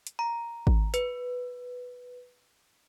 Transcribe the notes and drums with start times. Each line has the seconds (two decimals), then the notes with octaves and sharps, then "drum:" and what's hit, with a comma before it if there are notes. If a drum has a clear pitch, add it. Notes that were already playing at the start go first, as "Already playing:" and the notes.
0.07 drum: hi-hat
0.19 A#5
0.67 drum: kick G#1
0.94 B4, drum: hi-hat